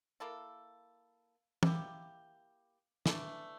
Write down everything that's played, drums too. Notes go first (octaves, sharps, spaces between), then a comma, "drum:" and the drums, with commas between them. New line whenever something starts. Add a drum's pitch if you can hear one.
A#3 E4 A4
A#3 E4 G4, drum: tom
E3 A3 D4, drum: snare